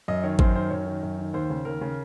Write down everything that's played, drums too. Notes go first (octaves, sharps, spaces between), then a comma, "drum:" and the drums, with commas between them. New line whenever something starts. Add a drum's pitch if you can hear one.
F#2 D#5
D#3 C#5
F#2 C5, drum: kick G#1
D#3 C5
F#2 C#5
D#3
F#2
D#3
D#2 C5
C#3
D#2 A#4
C#3